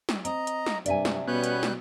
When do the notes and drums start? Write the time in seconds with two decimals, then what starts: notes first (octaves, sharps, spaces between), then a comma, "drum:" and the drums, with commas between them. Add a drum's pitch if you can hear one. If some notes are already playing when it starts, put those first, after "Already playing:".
0.09 drum: snare
0.25 C4 D#5 A#5, drum: hi-hat
0.47 drum: hi-hat
0.66 drum: snare
0.86 G2 C3 D5 E5 G#5, drum: hi-hat
1.05 drum: snare
1.28 B2 G3 B3 C#4 F#6 G6
1.44 drum: hi-hat
1.63 drum: snare